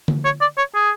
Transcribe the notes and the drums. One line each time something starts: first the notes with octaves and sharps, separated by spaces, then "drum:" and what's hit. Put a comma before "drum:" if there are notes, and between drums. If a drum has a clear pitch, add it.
drum: tom D3
C#5
D5
C#5
G#4